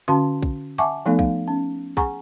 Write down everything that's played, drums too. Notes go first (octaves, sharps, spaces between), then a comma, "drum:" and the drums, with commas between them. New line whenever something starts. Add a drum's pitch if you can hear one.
D3 C#4 F#4 F5 A5 C6
drum: kick
E5 F#5 G#5 A5 C#6 D6
F3 A3 B3 D#4 A4 F5
F5, drum: kick
C#4
G#4 F#5 G#5 A#5 C#6, drum: kick